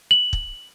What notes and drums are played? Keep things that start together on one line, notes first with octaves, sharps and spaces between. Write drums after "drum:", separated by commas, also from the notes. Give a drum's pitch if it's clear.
F#7
drum: kick